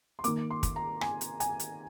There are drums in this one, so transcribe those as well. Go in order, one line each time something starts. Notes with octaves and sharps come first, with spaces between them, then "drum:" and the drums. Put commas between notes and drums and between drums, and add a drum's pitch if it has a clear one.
C6
D#3 A#3 D6, drum: hi-hat
C6
drum: kick, hi-hat
A#5
G#5, drum: rim click
drum: hi-hat
G#5, drum: hi-hat
drum: hi-hat